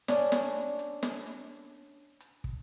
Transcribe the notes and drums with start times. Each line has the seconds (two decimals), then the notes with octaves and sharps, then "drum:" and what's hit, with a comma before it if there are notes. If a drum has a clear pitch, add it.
0.08 C#4 D4, drum: snare
0.32 drum: snare
0.79 drum: hi-hat
1.03 drum: snare
1.26 drum: hi-hat
2.20 drum: hi-hat
2.44 drum: kick